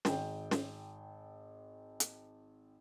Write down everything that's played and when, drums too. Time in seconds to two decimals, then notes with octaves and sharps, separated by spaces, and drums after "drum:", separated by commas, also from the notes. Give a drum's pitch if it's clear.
0.05 G#1 G5, drum: snare
0.51 drum: snare
2.00 drum: hi-hat